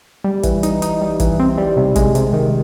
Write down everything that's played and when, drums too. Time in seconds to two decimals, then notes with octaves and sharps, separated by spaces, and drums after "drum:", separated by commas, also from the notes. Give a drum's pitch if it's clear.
0.24 G3
0.43 E3, drum: kick, hi-hat
0.63 D#4, drum: hi-hat
0.82 D#4, drum: hi-hat
1.01 G3
1.20 E3, drum: kick, hi-hat
1.39 C4
1.58 G3
1.76 C3
1.96 G#3, drum: kick, hi-hat
2.15 C3, drum: hi-hat
2.33 D#3